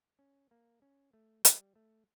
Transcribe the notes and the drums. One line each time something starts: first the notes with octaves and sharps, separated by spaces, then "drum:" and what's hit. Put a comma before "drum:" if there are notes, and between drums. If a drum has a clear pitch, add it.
C#4
A#3
C#4
A3
G3, drum: hi-hat
A3